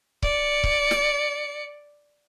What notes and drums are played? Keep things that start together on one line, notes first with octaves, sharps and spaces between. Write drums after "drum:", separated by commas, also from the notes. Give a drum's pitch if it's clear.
D5 C#7, drum: kick C#1
drum: kick C#1
drum: snare